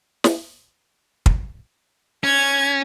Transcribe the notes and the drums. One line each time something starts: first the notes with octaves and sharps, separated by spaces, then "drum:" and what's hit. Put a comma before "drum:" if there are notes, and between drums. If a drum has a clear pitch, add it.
drum: snare
drum: kick
C#4 G#6